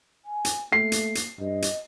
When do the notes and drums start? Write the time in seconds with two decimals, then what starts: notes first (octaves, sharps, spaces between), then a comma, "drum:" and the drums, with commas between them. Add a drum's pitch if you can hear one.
0.25 G#5
0.45 drum: hi-hat
0.72 A3 A#3 C7
0.92 drum: hi-hat
1.15 drum: hi-hat
1.39 G2 D#5
1.62 drum: hi-hat